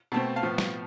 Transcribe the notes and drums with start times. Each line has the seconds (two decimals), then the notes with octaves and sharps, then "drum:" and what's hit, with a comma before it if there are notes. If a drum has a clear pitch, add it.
0.12 B2 A3 C4 A5
0.36 F5 A5
0.43 A2 F3 B3
0.58 drum: snare